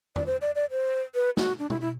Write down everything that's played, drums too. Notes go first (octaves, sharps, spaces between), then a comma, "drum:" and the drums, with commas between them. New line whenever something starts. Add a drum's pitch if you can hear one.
D5, drum: tom E2
C5
D5
D5
C5
B4
F#4, drum: snare
D4
E4, drum: tom B2
E4